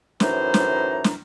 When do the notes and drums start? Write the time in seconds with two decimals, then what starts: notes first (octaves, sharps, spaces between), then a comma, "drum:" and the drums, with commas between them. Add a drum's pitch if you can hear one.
0.20 F#2 A2 E3 D#4 C5 A#5, drum: snare
0.54 drum: snare
1.04 drum: snare